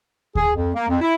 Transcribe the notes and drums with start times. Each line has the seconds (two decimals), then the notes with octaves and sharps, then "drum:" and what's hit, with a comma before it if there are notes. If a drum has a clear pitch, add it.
0.35 G#4, drum: kick D2
0.56 F2
0.75 A#3
0.88 F2
1.01 E4